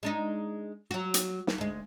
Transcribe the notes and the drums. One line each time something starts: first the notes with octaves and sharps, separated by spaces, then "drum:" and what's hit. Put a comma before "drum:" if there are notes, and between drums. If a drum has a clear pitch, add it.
G#3 D4 D#4
F#3 F#4
drum: hi-hat
drum: snare
D2 G#3